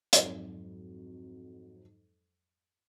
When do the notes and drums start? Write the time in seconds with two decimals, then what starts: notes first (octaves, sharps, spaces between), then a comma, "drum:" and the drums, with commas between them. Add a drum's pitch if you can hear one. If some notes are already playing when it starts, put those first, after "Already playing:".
0.13 F2 G#2 F#3, drum: hi-hat